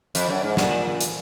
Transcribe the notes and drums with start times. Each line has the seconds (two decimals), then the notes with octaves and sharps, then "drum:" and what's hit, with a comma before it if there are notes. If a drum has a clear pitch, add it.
0.15 F2, drum: hi-hat
0.29 F#2
0.43 G#2
0.57 A#2, drum: snare
1.01 drum: hi-hat